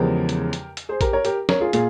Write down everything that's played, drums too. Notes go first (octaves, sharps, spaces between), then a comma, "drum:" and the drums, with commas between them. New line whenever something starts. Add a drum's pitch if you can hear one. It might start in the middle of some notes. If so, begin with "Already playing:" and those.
Already playing: E2 C#3 F3 G#3 G4 A#4
drum: hi-hat
drum: hi-hat
drum: hi-hat
G#4 C5
G4 A#4, drum: kick, hi-hat
A#4 C#5
G4 A#4, drum: hi-hat
A#4 C#5, drum: snare
F4 G#4
A#2 F4 G#4, drum: hi-hat